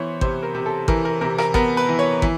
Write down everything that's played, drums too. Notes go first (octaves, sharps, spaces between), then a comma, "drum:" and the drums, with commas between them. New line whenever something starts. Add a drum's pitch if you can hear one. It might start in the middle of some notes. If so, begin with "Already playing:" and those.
Already playing: E3 B3 C5 C#5
C3 C5, drum: kick
A#4
C3
A4
E3 A#4, drum: kick
A#4
C3 A#4
A#4, drum: rim click
B3 A#4, drum: kick
B4
E3
C#5
E3, drum: kick